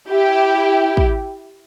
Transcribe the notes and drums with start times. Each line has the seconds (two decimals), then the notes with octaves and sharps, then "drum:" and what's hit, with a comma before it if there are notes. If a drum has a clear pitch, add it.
0.09 E4 G4
0.97 drum: kick